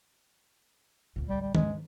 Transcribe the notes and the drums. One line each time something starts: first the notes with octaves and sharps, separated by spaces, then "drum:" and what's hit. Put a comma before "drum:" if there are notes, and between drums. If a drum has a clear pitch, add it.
D2 A#2
A1 D2 G3
G3
D#2 G#2 G#3, drum: tom D#3